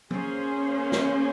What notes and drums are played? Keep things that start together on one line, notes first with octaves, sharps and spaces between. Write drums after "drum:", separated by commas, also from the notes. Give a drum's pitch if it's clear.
A#3 C#4 G#4 C5, drum: tom
drum: snare